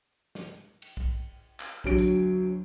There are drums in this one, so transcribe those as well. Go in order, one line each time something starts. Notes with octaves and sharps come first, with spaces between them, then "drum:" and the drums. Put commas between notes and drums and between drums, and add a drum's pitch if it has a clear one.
drum: snare
drum: cymbal
drum: kick B1
drum: clap
D2 F#3 D7, drum: kick B1
drum: hi-hat